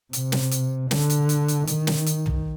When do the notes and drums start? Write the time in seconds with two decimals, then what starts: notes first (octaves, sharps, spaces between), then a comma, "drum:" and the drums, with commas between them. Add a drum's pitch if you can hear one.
0.13 C3, drum: hi-hat
0.32 drum: snare
0.51 drum: hi-hat
0.91 D3, drum: snare
1.10 drum: hi-hat
1.29 drum: hi-hat
1.48 drum: hi-hat
1.67 D#3, drum: hi-hat
1.87 drum: snare
2.06 drum: hi-hat
2.26 drum: tom